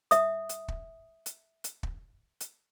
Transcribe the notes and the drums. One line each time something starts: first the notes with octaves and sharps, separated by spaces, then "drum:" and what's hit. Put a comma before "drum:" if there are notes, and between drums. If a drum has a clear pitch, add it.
E5 D#6, drum: hi-hat
drum: hi-hat
drum: kick
drum: hi-hat
drum: hi-hat
drum: kick
drum: hi-hat